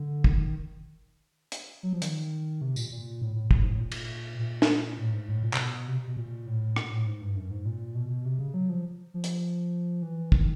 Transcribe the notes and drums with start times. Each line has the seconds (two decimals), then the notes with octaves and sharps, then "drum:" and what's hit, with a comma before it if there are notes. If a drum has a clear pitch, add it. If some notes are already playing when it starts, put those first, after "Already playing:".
Already playing: D3
0.24 D#3, drum: kick
1.52 drum: hi-hat
1.83 F#3
1.93 F3
2.02 D#3, drum: hi-hat
2.61 C3
2.76 A#2, drum: tambourine
2.92 A#2
3.22 A2
3.35 A2
3.51 A2, drum: kick
3.60 G#2
3.70 A2
3.80 A#2
3.92 drum: cymbal
4.39 A#2
4.62 drum: snare
4.98 A2
5.13 G#2
5.28 A2
5.43 A#2
5.53 C3, drum: clap
5.58 B2
5.88 C3
6.08 B2
6.17 A#2
6.46 A2
6.76 A#2, drum: rim click
6.91 A2
7.06 G#2
7.21 G2
7.36 F#2
7.51 G#2
7.65 A#2
7.95 B2
8.09 B2
8.25 C3
8.39 C#3
8.54 F#3
8.69 F3
9.14 F3
9.24 drum: hi-hat
10.02 E3
10.32 D#3, drum: kick